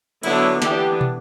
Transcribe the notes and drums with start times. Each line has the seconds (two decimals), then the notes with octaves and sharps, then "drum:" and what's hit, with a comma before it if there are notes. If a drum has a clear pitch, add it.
0.23 D3 F#3 B3 D4 E4, drum: cymbal
0.62 E3 B3 D4 G4, drum: snare
1.01 drum: tom